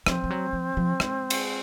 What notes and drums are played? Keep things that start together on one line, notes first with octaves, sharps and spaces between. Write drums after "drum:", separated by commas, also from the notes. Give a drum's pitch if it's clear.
F3 C4, drum: rim click
F3
F#3
F3
F3
G#3, drum: rim click
drum: cymbal